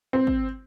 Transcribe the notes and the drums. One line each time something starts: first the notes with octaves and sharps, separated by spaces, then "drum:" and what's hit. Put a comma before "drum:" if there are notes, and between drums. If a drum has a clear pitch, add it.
C4
drum: kick